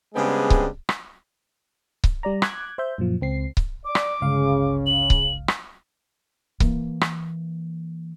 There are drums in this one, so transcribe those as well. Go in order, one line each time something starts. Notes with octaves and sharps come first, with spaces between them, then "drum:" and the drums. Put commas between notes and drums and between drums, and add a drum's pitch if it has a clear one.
C#3 G3 G#3 B3 C4 D4
drum: kick C#1
drum: rim click
drum: kick C#1
G3 D5 A#5
D6 F#6 G#6, drum: rim click
C5 E5 G6
F#2 A#2 F3
C#2 C4 C7
drum: kick C#1
D5 D6
drum: rim click
G1 C#2 C#3 F5
F#7
drum: kick C#1
drum: rim click
E3 A#3, drum: kick C#1
drum: rim click